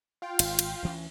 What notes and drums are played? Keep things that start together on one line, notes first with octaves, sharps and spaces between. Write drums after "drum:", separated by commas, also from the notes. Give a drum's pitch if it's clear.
F4 F5 G5
G#1, drum: cymbal
drum: cymbal
D2 E3 C#4